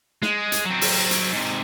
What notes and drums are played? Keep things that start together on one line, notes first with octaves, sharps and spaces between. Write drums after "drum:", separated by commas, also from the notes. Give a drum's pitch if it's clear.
G#3, drum: snare
drum: hi-hat
F#3 C4
drum: open hi-hat
drum: hi-hat
G#2 C3